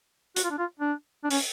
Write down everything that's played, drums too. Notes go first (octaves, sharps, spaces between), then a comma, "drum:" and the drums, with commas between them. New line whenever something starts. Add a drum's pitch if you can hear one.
F#4, drum: hi-hat
F4
D4
F4
D4
D4
C#4, drum: open hi-hat